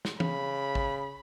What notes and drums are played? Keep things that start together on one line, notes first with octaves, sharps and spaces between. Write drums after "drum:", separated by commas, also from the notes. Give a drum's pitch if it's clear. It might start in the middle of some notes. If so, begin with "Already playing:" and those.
drum: snare
C#3 B5, drum: tom
drum: kick